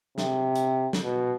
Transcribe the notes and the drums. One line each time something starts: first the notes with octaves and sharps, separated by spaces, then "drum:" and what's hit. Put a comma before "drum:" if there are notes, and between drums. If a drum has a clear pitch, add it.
C3, drum: snare
drum: hi-hat
drum: snare
B2